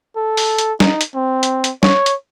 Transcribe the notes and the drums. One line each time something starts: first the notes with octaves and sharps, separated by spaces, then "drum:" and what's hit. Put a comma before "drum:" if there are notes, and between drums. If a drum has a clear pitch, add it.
A4
drum: open hi-hat
drum: hi-hat
D#4, drum: snare
drum: hi-hat
C4
drum: hi-hat
drum: hi-hat
C#5, drum: snare
drum: hi-hat